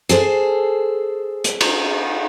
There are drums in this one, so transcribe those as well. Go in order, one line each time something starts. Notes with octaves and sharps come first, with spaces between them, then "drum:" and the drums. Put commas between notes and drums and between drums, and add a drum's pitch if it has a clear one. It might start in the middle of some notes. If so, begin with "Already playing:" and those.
G#4 A4 C5, drum: hi-hat
drum: hi-hat
drum: cymbal